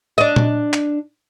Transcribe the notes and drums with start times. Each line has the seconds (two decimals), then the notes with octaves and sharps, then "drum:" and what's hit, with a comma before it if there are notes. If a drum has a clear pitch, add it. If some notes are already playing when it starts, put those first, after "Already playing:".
0.18 D4 D#5
0.36 drum: tom A#2
0.73 drum: clap